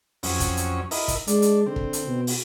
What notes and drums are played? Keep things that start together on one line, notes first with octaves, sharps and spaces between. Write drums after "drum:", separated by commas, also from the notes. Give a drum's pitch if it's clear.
F2 F#3 C#4, drum: open hi-hat
drum: kick, hi-hat
drum: hi-hat
E4 A#4 D#5, drum: open hi-hat
drum: kick, hi-hat
G#3 D4, drum: hi-hat
drum: hi-hat
D3 C4
drum: kick
drum: hi-hat
B2
drum: open hi-hat